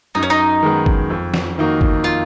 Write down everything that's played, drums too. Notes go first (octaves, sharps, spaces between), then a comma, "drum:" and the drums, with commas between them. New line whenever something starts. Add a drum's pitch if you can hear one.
F#2 D#4
C#4
D#4
D#3 G#3 B3
drum: kick G1
F2
drum: snare
D#3 A#3 D#4 F#4
drum: kick G1
F4